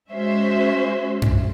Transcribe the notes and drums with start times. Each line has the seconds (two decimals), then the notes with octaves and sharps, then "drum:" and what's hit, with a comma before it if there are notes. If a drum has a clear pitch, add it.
0.12 G#3 C#4 F#4 C5 E5
1.22 drum: tom F#2